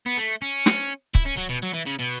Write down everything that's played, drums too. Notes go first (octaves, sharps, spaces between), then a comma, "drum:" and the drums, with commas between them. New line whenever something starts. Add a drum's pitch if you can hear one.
B3
A3
C#4
drum: snare
E4, drum: kick C#1
C#4
F#3
B2
F#3
E3
C#3
B2